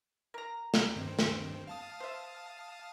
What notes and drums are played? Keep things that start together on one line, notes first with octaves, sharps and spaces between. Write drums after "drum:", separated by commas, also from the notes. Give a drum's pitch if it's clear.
A#4 A#5
drum: snare
G2 D#3 C4
drum: snare
F5 A5 D#6
C5 E5